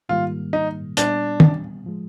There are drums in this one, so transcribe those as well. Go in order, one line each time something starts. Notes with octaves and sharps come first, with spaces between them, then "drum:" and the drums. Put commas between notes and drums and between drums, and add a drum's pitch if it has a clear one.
G#2 D#3 G3 A#3 F4
D#4
A#2 G3 B3 D4, drum: hi-hat
drum: tom
A2 F3 G#3